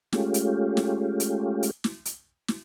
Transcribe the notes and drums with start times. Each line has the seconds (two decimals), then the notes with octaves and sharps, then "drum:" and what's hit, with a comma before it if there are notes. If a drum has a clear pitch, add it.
0.13 G#3 A3 C#4 F4 G4, drum: snare
0.34 drum: hi-hat
0.77 drum: snare
1.20 drum: hi-hat
1.63 drum: hi-hat
1.84 drum: snare
2.05 drum: hi-hat
2.48 drum: snare